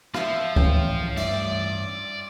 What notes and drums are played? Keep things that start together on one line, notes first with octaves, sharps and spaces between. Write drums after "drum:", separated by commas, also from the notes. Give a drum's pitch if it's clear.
F3 E5 F5, drum: rim click
A1 G5, drum: kick C2
G2 D5 E5, drum: cymbal